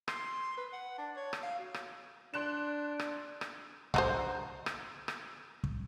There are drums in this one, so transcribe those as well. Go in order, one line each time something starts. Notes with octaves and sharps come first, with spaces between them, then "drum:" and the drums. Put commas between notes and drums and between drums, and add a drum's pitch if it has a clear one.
C6, drum: rim click
B4
F#5
D4
C#5
drum: rim click
F5
F#4
drum: rim click
D4 C6 F#6 E7
drum: rim click
drum: rim click
D3 D#4 C5, drum: kick
drum: rim click
drum: rim click
drum: kick